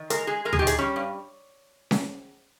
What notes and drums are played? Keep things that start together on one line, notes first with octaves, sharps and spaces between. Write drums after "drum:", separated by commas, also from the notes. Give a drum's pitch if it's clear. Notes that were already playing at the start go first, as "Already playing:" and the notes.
Already playing: D#3
G#3 A#4, drum: hi-hat
G#3 G#4
G#3 A#4
G#4, drum: tom D2
G4
D#3
G#4, drum: hi-hat
G3 C#4
G2
drum: snare C#4